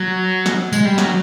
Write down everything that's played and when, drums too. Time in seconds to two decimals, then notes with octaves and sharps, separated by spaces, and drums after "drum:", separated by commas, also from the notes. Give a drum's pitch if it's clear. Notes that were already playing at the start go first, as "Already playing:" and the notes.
Already playing: F#3
0.46 drum: snare
0.73 G#3, drum: tambourine
0.85 G3
0.98 F#3, drum: snare